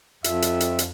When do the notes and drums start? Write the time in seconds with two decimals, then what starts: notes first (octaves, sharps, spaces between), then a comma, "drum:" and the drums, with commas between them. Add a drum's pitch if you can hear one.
0.24 F2 E5, drum: hi-hat
0.42 drum: hi-hat
0.60 drum: hi-hat
0.79 drum: hi-hat